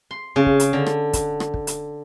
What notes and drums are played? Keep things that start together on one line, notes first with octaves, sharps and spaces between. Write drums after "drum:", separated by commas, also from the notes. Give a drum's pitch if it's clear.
C6
C#3
drum: kick
drum: hi-hat
D3
drum: rim click
drum: kick, hi-hat
drum: rim click
drum: kick
drum: hi-hat